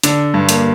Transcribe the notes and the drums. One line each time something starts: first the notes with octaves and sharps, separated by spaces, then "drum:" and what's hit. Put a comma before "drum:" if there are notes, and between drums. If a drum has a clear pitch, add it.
D3 D4, drum: hi-hat
G2
A#3, drum: hi-hat